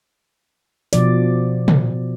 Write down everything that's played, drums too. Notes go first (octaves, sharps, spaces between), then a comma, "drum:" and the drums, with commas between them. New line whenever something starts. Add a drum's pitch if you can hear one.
B2 F3 D5, drum: hi-hat
drum: tom